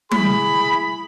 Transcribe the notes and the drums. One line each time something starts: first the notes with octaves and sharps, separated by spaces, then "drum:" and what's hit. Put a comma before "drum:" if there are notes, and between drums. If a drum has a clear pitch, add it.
E4 G#4 B5, drum: tom